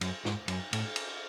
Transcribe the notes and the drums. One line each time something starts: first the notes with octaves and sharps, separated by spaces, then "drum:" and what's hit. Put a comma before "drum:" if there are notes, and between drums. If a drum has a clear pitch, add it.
F#2, drum: cymbal
G#2, drum: snare
F#2, drum: cymbal
A2, drum: cymbal
drum: cymbal